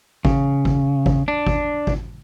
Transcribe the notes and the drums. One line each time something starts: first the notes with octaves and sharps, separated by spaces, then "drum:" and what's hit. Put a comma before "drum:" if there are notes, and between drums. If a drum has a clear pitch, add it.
C#3, drum: kick G#1
drum: kick G#1
drum: kick G#1
D4
drum: kick G#1
drum: kick G#1